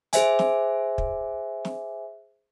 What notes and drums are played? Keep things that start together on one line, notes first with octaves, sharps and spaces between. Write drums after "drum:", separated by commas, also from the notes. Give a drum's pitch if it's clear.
G#4 C5 E5 G#5, drum: hi-hat
drum: snare
drum: kick
drum: snare